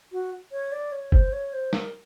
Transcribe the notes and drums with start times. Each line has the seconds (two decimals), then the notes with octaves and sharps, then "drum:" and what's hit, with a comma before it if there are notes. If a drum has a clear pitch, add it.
0.12 F#4
0.52 C#5
0.72 D5
0.92 C#5
1.12 C5, drum: kick
1.32 C#5
1.53 C5
1.73 A#4, drum: snare